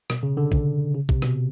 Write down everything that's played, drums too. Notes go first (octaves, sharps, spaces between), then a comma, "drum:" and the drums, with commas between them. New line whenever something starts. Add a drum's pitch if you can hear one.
B2, drum: rim click
C#3
D3
drum: kick
C#3
C3, drum: kick
B2, drum: rim click